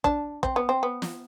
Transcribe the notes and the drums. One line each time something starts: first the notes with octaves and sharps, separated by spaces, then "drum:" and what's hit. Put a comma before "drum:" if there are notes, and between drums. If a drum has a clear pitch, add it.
D4, drum: kick
C4, drum: kick
B3
C4
B3
drum: snare